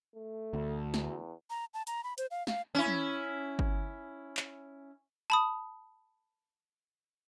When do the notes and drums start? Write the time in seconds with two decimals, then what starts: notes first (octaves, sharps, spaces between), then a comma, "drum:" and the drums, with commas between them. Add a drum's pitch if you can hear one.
0.15 A3
0.53 D2
0.94 E2, drum: snare
1.50 A#5
1.74 A5
1.87 A#5, drum: hi-hat
2.04 B5
2.18 C5, drum: hi-hat
2.31 F5
2.47 F5, drum: snare
2.75 C#4 E4
2.87 drum: tom
3.59 drum: kick G1
4.37 drum: clap
5.30 A5 B5 D#6